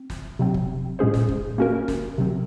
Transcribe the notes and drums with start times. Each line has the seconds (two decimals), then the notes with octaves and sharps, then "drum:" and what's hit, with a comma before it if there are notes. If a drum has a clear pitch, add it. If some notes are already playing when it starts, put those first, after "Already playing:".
Already playing: C4
0.10 drum: snare
0.39 C3 F#3 C4
0.54 drum: kick
0.99 A#2 G#3 C#4 G#4 C5
1.14 drum: snare
1.29 drum: kick
1.58 A#3 C#4 F#4 A#4
1.88 drum: snare
2.18 C3 F#3 C4